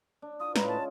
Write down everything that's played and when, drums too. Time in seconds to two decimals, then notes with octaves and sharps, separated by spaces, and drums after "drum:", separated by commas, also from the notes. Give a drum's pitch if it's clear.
0.22 D4
0.40 F4 D#6
0.56 A2 C#3 G#3 B4 A#5, drum: snare
0.68 A5